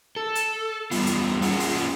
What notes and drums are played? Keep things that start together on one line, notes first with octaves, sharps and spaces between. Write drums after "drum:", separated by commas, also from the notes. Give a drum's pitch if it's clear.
A4
drum: hi-hat
E2 G3 B3 F4, drum: open hi-hat
drum: hi-hat
A#3 C#4 F4 G#4 F5 F#5, drum: open hi-hat
drum: open hi-hat